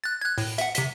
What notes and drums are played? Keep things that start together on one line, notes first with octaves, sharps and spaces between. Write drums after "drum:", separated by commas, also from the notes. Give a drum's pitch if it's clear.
F#6 A6
F#6 G#6
A2, drum: open hi-hat
E5 F#5, drum: hi-hat
C3 B6, drum: hi-hat